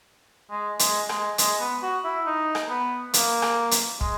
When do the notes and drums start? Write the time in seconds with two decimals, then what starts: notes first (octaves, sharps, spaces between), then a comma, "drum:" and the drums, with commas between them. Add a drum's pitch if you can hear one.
0.51 G#3
0.79 G#3, drum: hi-hat
1.09 G#3, drum: rim click
1.38 G#3, drum: hi-hat
1.60 B3
1.82 F#4
2.04 E4
2.26 D#4
2.55 drum: rim click
2.69 B3
3.14 A#3, drum: hi-hat
3.42 drum: rim click
3.71 drum: hi-hat
4.01 G#3, drum: kick